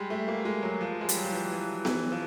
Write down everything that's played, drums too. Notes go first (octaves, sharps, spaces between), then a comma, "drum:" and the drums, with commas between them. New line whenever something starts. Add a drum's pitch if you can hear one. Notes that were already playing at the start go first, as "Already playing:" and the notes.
Already playing: G3 G#3
A3
A#3
G#3
F#3
F3
G#3
G3, drum: hi-hat
F#3
F3
E3
E3
E3, drum: snare B3
F3